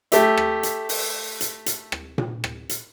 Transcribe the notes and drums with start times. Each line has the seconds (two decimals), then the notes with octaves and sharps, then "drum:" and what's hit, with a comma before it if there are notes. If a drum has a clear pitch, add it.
0.12 A3 G4 E5, drum: hi-hat
0.37 drum: rim click
0.63 drum: hi-hat
0.89 drum: open hi-hat
1.41 drum: hi-hat
1.66 drum: hi-hat
1.92 drum: rim click
2.18 drum: tom A#2
2.44 drum: rim click
2.69 drum: hi-hat